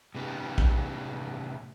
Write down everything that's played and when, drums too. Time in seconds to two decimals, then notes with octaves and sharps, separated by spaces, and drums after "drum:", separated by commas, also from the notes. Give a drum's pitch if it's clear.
0.15 A2 C3 B3 C#4 D#4 G4
0.58 drum: kick A#1